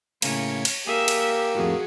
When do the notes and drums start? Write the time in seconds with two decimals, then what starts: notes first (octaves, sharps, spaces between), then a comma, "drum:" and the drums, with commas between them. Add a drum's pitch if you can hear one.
0.22 A2 C#3 A#3 C#5, drum: cymbal
0.65 drum: cymbal
0.87 A#3 G4 G#4 E5
1.08 drum: cymbal
1.55 F2 A2 F#4 G#4